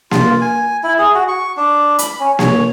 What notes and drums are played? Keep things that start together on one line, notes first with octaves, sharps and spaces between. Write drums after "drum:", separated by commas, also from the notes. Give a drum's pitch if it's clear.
F4, drum: snare A#3
G#5
E4
G#4
F#4
C#6
D4
B5, drum: hi-hat
C#4
C#5, drum: snare A#3